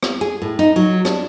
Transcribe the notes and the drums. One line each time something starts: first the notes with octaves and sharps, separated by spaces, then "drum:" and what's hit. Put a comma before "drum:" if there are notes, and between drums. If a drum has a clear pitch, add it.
drum: rim click
G#4
A2
D#4
F#3
D4, drum: rim click